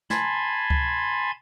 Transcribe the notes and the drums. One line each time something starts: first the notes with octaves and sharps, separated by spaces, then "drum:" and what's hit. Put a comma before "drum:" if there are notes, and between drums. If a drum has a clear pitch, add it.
G#5 A5 B5 C6 G#6, drum: snare
drum: kick C#2